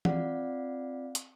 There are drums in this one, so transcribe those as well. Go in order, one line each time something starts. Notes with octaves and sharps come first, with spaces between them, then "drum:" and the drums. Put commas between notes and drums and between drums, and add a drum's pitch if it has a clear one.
C4 F4 D5 F5 F#5, drum: tom
drum: hi-hat